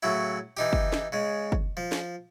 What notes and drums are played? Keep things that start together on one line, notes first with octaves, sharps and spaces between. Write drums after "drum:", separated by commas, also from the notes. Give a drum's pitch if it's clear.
A2 C#3 F#3 E4
E3 D#4 G4
drum: kick
drum: snare
C#3 G#3
drum: kick
F3
drum: snare